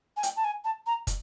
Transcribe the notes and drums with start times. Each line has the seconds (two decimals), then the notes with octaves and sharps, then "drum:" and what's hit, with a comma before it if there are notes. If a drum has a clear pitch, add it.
0.17 G#5
0.23 G5, drum: hi-hat
0.37 A5
0.44 G#5
0.64 A5
0.87 A#5
1.07 drum: kick, hi-hat